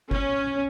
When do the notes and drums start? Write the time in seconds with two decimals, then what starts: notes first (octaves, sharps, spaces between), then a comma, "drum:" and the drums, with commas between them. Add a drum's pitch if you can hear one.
0.11 C#4, drum: kick G1